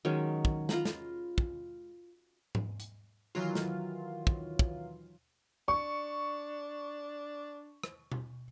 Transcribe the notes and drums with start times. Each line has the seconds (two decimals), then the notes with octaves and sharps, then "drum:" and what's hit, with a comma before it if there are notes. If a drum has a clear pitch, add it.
0.05 D#3 F#3 G#3 C#4
0.45 drum: kick
0.69 F4 A#5 B5, drum: snare
0.85 drum: snare
1.38 drum: kick
2.55 drum: tom G#2
2.80 drum: hi-hat
3.35 D#3 E3 F#3 F4, drum: tambourine
3.55 drum: snare
4.27 drum: kick
4.59 drum: kick
5.68 D4 C#6
7.84 drum: rim click
8.12 drum: tom B2